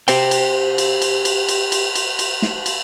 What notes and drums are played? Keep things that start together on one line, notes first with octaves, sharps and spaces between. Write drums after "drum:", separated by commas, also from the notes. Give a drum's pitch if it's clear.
G4 C5 G5, drum: cymbal
drum: cymbal
drum: cymbal
drum: cymbal
drum: cymbal
drum: cymbal
drum: cymbal
drum: cymbal
drum: cymbal
drum: snare
drum: cymbal